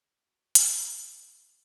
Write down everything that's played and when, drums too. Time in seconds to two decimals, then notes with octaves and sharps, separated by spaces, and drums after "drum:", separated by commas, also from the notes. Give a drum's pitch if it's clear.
0.24 F#4
0.55 G#4, drum: hi-hat
1.19 F#4